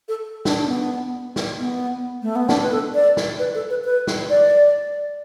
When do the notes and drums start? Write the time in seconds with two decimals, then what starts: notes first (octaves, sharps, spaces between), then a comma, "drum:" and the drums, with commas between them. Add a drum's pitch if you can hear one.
0.08 A4
0.45 D4, drum: snare
0.60 D4
0.68 B3
1.36 drum: snare
1.59 B3
2.22 A3
2.36 B3
2.49 D4, drum: snare
2.62 B4
2.71 A4
2.95 D5
3.17 drum: snare
3.39 B4
3.54 A4
3.70 B4
3.85 B4
4.07 drum: snare
4.30 D5